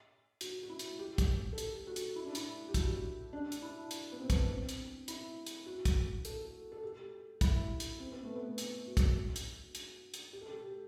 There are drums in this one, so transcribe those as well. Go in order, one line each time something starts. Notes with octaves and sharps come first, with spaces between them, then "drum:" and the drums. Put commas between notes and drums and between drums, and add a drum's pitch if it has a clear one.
F#4, drum: hi-hat
F#4
E4
drum: hi-hat
G4
drum: kick, hi-hat
A4
G4, drum: hi-hat
F#4
drum: hi-hat
E4
D4
E4, drum: hi-hat
G4
F#4, drum: kick, hi-hat
D4
drum: hi-hat
E4
drum: hi-hat
B3
C4
drum: kick, hi-hat
C4
drum: hi-hat
E4, drum: hi-hat
drum: hi-hat
F#4
drum: kick, hi-hat
A4, drum: hi-hat
A4
G4
E4, drum: kick, hi-hat
drum: hi-hat
C4
B3
A3
B3
drum: hi-hat
F#4
drum: kick, hi-hat
drum: hi-hat
drum: hi-hat
drum: hi-hat
G4
A4
G4